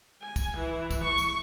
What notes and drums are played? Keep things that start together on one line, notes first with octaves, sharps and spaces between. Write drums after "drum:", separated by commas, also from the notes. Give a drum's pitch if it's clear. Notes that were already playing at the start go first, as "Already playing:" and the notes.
G#5
drum: kick, tambourine
E3
drum: kick, tambourine
C#6
drum: tambourine